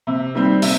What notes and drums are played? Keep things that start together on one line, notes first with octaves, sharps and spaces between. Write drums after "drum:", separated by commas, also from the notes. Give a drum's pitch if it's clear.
C3
D#3 G3 C4
C3, drum: open hi-hat